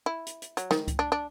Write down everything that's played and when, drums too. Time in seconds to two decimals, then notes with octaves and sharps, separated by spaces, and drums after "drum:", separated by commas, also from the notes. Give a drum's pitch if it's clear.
0.06 E4
0.27 drum: hi-hat
0.42 drum: hi-hat
0.57 F#3, drum: hi-hat
0.71 D#3, drum: snare
0.88 drum: kick C#2, hi-hat
0.99 D4
1.12 D4